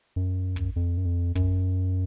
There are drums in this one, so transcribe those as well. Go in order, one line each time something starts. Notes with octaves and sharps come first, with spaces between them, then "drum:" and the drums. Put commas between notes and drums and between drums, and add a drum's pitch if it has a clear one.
F#2
drum: kick
F2
F#2
F2
F#2, drum: kick